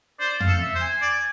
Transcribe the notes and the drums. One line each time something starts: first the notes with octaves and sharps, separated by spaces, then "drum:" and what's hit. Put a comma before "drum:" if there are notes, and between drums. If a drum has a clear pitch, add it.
C5 D5
F5, drum: tom
A4
E5
C5
G#5
D5